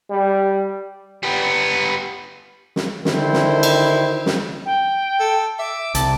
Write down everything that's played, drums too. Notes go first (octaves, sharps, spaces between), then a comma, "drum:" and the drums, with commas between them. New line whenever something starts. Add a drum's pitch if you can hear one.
G3
G3 B3
drum: snare
D3 D#3 E4 G4 C5, drum: snare
drum: snare
drum: cymbal
drum: snare
G5
A4
E5 D6
C2 A5, drum: hi-hat